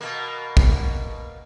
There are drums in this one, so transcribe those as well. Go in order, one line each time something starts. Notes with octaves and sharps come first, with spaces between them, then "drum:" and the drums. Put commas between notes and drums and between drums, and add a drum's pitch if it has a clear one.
B2 A#3
drum: kick